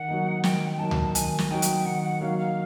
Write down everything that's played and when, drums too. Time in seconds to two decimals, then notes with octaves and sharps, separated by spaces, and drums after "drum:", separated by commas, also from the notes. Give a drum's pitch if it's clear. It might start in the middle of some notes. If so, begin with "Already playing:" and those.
Already playing: D#3 F#5
0.08 F#3 A#3 D#4
0.44 D#3 G5, drum: snare
0.79 F#3 A#3 D#4 A5
0.91 drum: tom C#2
1.15 D#3 G#5, drum: hi-hat
1.39 drum: snare
1.50 F#3 A#3 D#4 G5
1.62 drum: hi-hat
1.86 D#3 F#5
2.04 F#5
2.21 F#3 A#3 D#4 F5
2.39 F5